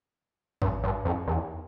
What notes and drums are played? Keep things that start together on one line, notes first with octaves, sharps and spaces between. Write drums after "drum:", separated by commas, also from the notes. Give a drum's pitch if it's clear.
G2, drum: kick A1
G2
F2
E2